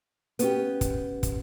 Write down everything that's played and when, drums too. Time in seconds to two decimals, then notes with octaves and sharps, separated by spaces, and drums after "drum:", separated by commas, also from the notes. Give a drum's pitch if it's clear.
0.39 B3 C#4 G4, drum: hi-hat
0.81 drum: kick, hi-hat
1.23 drum: kick, hi-hat